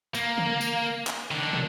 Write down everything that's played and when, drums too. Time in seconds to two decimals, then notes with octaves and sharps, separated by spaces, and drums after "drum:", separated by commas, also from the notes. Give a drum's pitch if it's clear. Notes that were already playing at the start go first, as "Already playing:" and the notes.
0.15 A#3, drum: tambourine
0.38 drum: tom C#3
0.61 drum: tambourine
1.07 drum: clap
1.31 D#3 D4
1.53 drum: tom